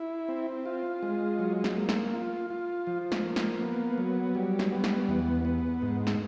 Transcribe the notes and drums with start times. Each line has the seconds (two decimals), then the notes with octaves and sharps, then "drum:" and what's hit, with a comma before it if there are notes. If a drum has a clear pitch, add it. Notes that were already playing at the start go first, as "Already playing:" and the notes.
Already playing: E4
0.28 C4
0.66 F4
1.03 G#3
1.39 F#3
1.64 drum: snare
1.77 A#3
1.89 drum: snare
2.13 F4
2.50 F4
2.87 F3
3.12 drum: snare
3.24 A#3
3.36 drum: snare
3.61 B3
3.98 F#3
4.35 G3
4.59 drum: snare
4.72 B3
4.84 drum: snare
5.08 E2
5.45 B3
5.82 G#2
6.07 drum: snare